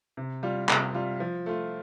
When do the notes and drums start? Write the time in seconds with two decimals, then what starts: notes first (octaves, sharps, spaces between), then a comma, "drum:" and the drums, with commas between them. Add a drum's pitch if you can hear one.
0.17 C3
0.43 G3 F4
0.69 C3, drum: clap
0.94 G3 F4
1.20 F3
1.46 A3 F4